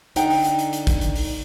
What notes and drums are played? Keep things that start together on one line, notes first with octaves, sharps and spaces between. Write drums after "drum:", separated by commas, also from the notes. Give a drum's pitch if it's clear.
D3 D#4 F#5 G5, drum: hi-hat
drum: open hi-hat
drum: hi-hat
drum: hi-hat
drum: hi-hat
drum: kick, hi-hat
drum: hi-hat
drum: open hi-hat